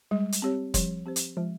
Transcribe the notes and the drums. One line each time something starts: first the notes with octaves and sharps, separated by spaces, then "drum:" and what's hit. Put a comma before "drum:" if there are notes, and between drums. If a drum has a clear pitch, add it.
G3 G#3
drum: hi-hat
C4 G4 C#5
F3 G3, drum: kick, hi-hat
C4 G4 C5
drum: hi-hat
F3 G#3